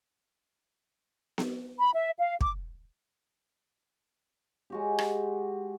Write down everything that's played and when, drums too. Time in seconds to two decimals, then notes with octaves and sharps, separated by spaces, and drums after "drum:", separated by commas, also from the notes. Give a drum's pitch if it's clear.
1.38 drum: snare B3
1.79 B5
1.94 E5
2.19 F5
2.41 D6, drum: kick
4.70 G#3 F#4 G4
4.98 drum: rim click